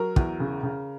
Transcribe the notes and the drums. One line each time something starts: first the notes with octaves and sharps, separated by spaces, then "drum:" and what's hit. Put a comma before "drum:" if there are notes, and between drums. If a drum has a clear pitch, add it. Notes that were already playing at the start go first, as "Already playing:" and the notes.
Already playing: F#3 A#4
E2, drum: kick
C#3
C#3